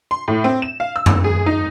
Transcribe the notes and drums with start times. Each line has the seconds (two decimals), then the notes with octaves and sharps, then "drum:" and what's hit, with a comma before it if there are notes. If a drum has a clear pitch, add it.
0.11 C6
0.28 A2
0.44 C4
0.62 E7
0.80 F5
0.96 E6
1.06 drum: tom F#2
1.24 G#4
1.46 D#4